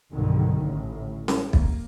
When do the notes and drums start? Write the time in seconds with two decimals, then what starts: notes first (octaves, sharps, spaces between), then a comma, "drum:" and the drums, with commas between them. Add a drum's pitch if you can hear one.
0.12 B1 G2 D3 D#3
0.58 A1 A2
1.28 drum: snare C#4
1.53 A#3, drum: kick